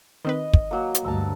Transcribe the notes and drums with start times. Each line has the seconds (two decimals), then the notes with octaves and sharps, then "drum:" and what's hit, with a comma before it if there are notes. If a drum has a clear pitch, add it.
0.25 D#3 C4 B4 D#5
0.53 drum: kick
0.71 F#3 A#3
0.95 drum: hi-hat
1.04 D2 G2 A5 A#5 E6